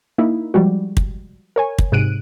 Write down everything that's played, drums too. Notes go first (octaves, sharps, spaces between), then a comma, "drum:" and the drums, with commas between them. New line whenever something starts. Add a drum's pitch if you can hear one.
A#3 D#4 E4
F3 G3 G#3 F#4
drum: kick
A#4 C#5 G#5
drum: kick
G#2 C3 F#6 D7 D#7